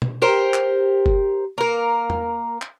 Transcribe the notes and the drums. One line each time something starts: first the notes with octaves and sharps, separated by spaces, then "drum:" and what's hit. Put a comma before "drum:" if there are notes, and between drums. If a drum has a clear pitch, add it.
drum: tom B2
G4 A#4 C5
drum: clap
drum: kick F#1
A#3 A#4
drum: tom E2
drum: clap